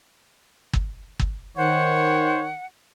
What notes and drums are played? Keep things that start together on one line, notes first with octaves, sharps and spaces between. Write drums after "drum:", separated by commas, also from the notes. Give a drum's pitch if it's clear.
drum: kick
drum: kick
D#3 C5 C#5 F#5